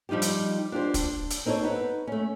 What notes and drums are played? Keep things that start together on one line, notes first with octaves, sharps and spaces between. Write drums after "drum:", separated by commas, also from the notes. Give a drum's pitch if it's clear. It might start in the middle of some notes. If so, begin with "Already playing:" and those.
F3 G3 D#4 F4 G4
drum: hi-hat
D4 F4 G4 C5
D4, drum: kick, hi-hat
drum: hi-hat
C4 D#4 A4 A#4 C#5
B3 D#4 B4
A3 C#4